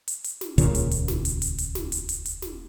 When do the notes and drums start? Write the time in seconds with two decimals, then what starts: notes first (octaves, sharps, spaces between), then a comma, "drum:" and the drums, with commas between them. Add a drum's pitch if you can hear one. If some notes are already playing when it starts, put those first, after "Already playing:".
0.08 drum: hi-hat
0.24 drum: hi-hat
0.41 drum: snare
0.58 D#1 C#2 A#2 C#3, drum: hi-hat
0.75 drum: hi-hat
0.91 drum: hi-hat
1.08 drum: snare
1.25 drum: hi-hat
1.42 drum: hi-hat
1.58 drum: hi-hat
1.75 drum: snare
1.92 drum: hi-hat
2.09 drum: hi-hat
2.25 drum: hi-hat
2.42 drum: snare